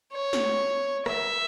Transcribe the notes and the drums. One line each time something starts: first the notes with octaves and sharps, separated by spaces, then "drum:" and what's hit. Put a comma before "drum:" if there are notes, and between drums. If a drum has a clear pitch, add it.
C#5
drum: snare
E5, drum: rim click